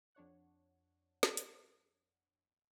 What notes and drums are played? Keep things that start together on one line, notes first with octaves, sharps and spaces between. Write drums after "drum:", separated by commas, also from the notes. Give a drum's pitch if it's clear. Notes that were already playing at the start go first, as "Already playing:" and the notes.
F2 D4 C#5 F#5
drum: snare
drum: hi-hat